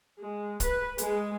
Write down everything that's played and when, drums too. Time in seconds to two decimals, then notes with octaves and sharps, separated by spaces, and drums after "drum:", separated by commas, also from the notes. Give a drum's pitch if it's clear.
0.21 G#3
0.60 B4, drum: kick, hi-hat
0.98 G#3, drum: hi-hat